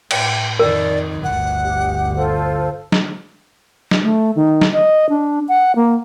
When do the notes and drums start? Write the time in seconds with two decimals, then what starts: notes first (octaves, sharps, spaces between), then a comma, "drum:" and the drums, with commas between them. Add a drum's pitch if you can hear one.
0.11 A2 G5, drum: cymbal
0.59 F2 D#3 A#4 D5
1.24 G1 D2 F#5 F#6
1.63 G4
2.16 F4 A4 C5
2.92 drum: snare
3.91 drum: snare
4.03 A3
4.36 D#3
4.61 drum: snare
4.73 D#5
5.09 D4
5.49 F#5
5.76 A#3